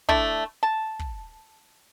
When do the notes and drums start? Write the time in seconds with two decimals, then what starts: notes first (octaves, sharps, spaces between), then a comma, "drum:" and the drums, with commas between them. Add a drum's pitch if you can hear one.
0.09 A3 D4 E4, drum: kick
0.63 A5
0.99 drum: kick